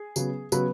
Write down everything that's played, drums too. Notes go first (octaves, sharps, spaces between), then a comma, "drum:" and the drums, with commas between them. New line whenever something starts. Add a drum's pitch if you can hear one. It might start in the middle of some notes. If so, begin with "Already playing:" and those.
Already playing: G#4
C#3 F#3 B3, drum: tambourine
C#3 F#3 B3 B4, drum: tambourine